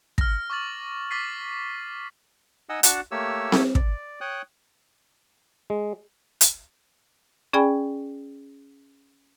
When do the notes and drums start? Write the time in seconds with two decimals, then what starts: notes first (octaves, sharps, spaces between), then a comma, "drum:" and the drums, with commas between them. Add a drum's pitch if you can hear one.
0.18 F6 A#6, drum: kick
0.50 C#6 D6 F6 A6 F#7
1.10 D6 F6 A6 B6 C7 D#7
2.69 D#4 D#5 F#5 G#5 D#6 E6
2.83 D4 F#4 F#5 A5, drum: hi-hat
3.12 A3 A#3 G4 C#5 E6
3.52 drum: snare C4
3.75 D5, drum: kick
4.21 C#5 G5 D#6 F#6
5.70 G#3
6.41 drum: hi-hat
7.53 C#4 G#4 D5 G5 G#5 B5